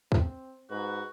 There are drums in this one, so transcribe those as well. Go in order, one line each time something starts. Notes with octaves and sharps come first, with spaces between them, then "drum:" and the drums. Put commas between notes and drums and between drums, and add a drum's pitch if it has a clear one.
C4, drum: kick
G#2 F#4 B4